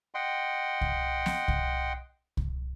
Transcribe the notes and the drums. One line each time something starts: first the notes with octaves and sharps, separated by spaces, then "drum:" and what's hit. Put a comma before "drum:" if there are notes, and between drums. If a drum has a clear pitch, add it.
D#5 F#5 G5 C6
drum: kick C2
drum: snare
drum: kick C2
drum: kick C2